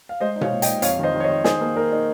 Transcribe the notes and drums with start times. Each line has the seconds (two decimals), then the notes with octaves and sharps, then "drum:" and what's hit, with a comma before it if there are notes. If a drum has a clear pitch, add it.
0.09 F5
0.20 G#3 C5 D#5
0.36 D#4
0.41 C#5 F5, drum: tom B2
0.52 A#2
0.62 D#5 G5, drum: hi-hat
0.67 D#4
0.82 F2 C#5 F5, drum: hi-hat
0.99 D#3 C5 D#5
1.14 D#3
1.20 C#5
1.24 C5 D#5
1.29 D#3
1.44 D#4 G#4 C5, drum: snare
1.61 A#3
1.75 D#4 A#4
1.92 D#4